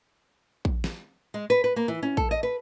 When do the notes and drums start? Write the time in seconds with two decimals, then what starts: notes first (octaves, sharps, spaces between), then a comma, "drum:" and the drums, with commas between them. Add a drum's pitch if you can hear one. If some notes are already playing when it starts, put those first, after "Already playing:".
0.65 drum: kick
0.84 drum: snare
1.34 G#3
1.50 B4
1.64 B4
1.76 A#3
1.88 E3
2.03 C#4
2.17 A4, drum: kick
2.31 D#5
2.43 B4